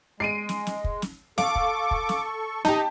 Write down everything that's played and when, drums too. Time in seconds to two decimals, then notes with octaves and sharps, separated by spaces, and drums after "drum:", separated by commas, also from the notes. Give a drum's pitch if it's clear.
0.20 G#3 C7 D7 D#7
0.49 drum: snare
0.67 drum: snare
0.84 drum: kick
1.02 drum: snare
1.38 A4 F5 C#6 D6, drum: snare
1.55 drum: kick
1.91 drum: kick
2.09 drum: snare
2.65 D#4 G4 A5, drum: snare